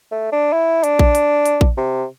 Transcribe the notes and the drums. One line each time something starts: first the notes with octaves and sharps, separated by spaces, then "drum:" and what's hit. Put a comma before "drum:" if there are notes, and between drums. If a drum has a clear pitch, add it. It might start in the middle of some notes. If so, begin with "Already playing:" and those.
A3
D4
E4
D4, drum: hi-hat
drum: kick A#1
drum: hi-hat
drum: hi-hat
drum: kick A#1
C3